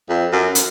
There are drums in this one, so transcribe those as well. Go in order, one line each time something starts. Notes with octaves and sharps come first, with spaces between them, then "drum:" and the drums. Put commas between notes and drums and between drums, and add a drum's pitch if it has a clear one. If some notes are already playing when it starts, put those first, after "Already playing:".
F2
F#2
drum: hi-hat